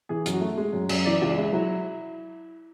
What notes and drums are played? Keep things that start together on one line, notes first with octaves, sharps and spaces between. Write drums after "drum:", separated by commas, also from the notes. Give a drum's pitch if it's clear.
E3 G#4
F#2, drum: hi-hat
F#4
A3
G#3
F#2
F#2, drum: cymbal
E3 D5
C#2 D5
G#3 E4
F#3 E4